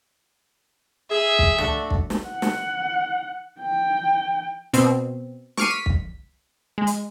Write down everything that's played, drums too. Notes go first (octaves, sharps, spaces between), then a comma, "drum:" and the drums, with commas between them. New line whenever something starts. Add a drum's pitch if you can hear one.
G#4 E5
drum: kick
A3 D4 F#4, drum: tom
drum: kick
drum: snare
F#5
drum: snare
G5
B2 C4, drum: hi-hat
C#6 D6 F6 C7 D#7, drum: snare
B6
drum: kick
G#3
drum: hi-hat